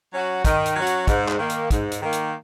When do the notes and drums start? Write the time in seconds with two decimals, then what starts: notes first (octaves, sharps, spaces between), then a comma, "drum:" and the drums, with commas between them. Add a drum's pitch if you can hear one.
0.13 F#3 C#4 F#4
0.45 D#3, drum: kick, hi-hat
0.66 drum: hi-hat
0.76 F#3 C#4 F#4
0.87 drum: hi-hat
1.07 G#2, drum: kick, hi-hat
1.29 drum: clap
1.39 D#3 A#3
1.50 drum: hi-hat
1.71 G#2, drum: kick, hi-hat
1.91 drum: hi-hat
2.01 D#3 A#3
2.12 drum: hi-hat